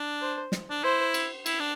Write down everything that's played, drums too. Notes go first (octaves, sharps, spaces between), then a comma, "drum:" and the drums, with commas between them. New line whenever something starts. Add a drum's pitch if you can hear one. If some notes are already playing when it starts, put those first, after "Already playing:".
Already playing: D4
C5
drum: snare
D4
E4 C5
drum: cymbal
E4, drum: cymbal
D4